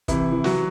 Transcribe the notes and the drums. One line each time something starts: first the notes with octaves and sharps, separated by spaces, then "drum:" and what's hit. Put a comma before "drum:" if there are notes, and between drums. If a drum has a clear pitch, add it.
C3 E3 E4, drum: kick, hi-hat
E3
F#3 F#4, drum: snare